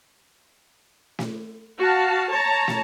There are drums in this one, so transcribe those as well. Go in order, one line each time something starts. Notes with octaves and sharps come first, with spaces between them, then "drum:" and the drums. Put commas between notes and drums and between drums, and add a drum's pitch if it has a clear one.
drum: snare
F#4 F5 A5
C#5 A5 A#5
drum: snare